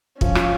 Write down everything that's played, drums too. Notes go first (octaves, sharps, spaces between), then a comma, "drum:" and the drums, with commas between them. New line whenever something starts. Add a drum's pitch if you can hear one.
F3 C#4, drum: kick
F4, drum: rim click